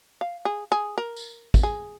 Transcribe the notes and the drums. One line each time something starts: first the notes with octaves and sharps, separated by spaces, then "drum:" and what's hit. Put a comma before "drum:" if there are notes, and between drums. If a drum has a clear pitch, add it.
F5
G#4
G#4
A#4
drum: tambourine
drum: kick, tambourine
G#4